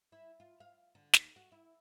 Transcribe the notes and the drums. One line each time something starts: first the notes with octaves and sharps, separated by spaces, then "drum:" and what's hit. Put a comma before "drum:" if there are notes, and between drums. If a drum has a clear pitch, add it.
E4
F4
F5
D3
D#2, drum: snare
F#4
E4